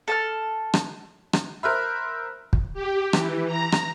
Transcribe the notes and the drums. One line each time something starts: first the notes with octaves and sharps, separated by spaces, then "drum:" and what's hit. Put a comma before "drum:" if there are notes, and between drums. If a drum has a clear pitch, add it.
A4 A5 F6
drum: rim click
drum: rim click
A#4 C5 E5 B5 F6 F#6
drum: kick
G4
E3, drum: rim click
A#5
drum: rim click